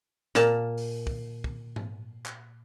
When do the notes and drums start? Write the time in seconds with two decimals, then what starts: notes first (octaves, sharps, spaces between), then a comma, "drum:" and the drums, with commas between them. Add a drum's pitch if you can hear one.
0.35 A#2 A#3 A5, drum: snare
0.78 drum: open hi-hat
1.07 drum: kick
1.44 drum: kick
1.76 drum: tom G#2
2.26 drum: clap